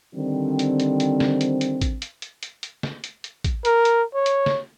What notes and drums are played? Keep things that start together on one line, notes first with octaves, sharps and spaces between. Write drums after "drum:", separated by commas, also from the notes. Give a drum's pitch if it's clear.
D3 D#3 G3 C4
drum: hi-hat
drum: hi-hat
drum: hi-hat
drum: snare
drum: hi-hat
drum: hi-hat
drum: kick A1, hi-hat
drum: hi-hat
drum: hi-hat
drum: hi-hat
drum: hi-hat
drum: snare
drum: hi-hat
drum: hi-hat
drum: kick A1, hi-hat
A#4, drum: hi-hat
drum: hi-hat
C#5
drum: hi-hat
drum: snare